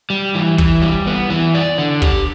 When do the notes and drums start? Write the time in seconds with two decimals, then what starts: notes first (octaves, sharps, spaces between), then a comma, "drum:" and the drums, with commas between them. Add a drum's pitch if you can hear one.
0.10 G3
0.35 E3
0.58 E3, drum: kick
0.82 G3
1.06 B3
1.30 E3
1.55 D5
1.78 D3
2.02 G4, drum: kick